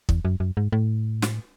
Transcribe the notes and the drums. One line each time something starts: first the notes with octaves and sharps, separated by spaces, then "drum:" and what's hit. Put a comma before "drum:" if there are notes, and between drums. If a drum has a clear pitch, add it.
E2, drum: kick
F#2
F#2
G#2
A2
drum: snare